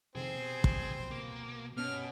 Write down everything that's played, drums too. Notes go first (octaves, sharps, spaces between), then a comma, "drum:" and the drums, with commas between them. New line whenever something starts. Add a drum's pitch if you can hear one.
F2 C3 D#3 C4 G#4 C5
B2
drum: kick
A#3
B2 B3 C#4 G4 A5 F6